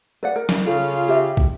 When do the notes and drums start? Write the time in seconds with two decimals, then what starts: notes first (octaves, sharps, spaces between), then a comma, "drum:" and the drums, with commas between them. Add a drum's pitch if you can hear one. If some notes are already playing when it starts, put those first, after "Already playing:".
0.23 B4 D5 F#5
0.36 A#4
0.49 drum: snare
0.67 C#3 F4 A4
1.08 G4 E5 G5
1.37 drum: kick